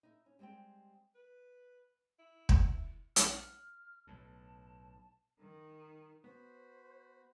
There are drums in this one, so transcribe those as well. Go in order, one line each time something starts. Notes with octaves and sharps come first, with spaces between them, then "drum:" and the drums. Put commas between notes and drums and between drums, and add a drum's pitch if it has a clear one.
D#4 E4
C#4
G3 G#3 C4 G4 G5
B4
E4
drum: kick
F6, drum: hi-hat
B1 A2 A5
D#3
B3 F#4 C5 B5